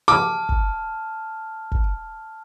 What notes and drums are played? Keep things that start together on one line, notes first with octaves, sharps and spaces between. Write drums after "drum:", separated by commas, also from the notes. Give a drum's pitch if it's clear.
A5 D6 F6
drum: kick
drum: kick